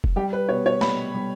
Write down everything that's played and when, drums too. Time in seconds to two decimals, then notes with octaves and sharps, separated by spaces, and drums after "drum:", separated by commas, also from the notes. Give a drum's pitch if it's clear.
0.04 drum: kick F1
0.16 G3 G4
0.33 B4
0.49 B2 C#5
0.66 C#5
0.81 G3 B5, drum: snare
1.15 G3